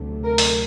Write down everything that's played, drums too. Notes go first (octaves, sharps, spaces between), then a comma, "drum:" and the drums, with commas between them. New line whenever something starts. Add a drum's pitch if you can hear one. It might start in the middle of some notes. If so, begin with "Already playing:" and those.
Already playing: D2 C3 F#3 A3
A#4
drum: open hi-hat